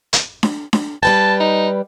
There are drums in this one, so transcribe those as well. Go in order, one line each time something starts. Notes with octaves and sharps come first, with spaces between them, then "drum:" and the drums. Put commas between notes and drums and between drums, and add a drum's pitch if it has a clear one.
drum: hi-hat
drum: snare D4
drum: snare D4
G3 B4 G5 A5
D#4